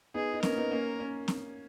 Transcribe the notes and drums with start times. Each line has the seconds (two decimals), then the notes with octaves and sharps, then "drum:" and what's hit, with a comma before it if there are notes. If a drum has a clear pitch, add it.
0.14 B3 D#4 G#4
0.33 D#4
0.43 A#3 C#4 A#4, drum: snare C4
0.57 B3 D#4
0.71 A#3 C#4
1.00 C#4
1.28 drum: snare C4